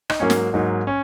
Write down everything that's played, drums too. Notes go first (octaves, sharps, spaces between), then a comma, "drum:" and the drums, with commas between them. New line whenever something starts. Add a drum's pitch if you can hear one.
D#4, drum: rim click
G#2 F#3 A#3 C#4
drum: snare
G#2 F#3 A#3 D#4
C#4